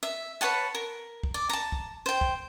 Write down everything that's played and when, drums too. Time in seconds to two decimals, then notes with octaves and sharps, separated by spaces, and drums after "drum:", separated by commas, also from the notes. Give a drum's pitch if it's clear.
0.03 E5
0.41 B4 C#5 F#5 A5
0.75 A#4
1.23 drum: kick
1.34 D5
1.49 A5 A#5
1.72 drum: kick
2.06 C5 G5
2.21 drum: kick